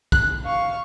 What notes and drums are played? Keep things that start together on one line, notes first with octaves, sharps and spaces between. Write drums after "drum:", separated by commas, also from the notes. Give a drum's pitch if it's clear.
F#6, drum: kick
F5 C#6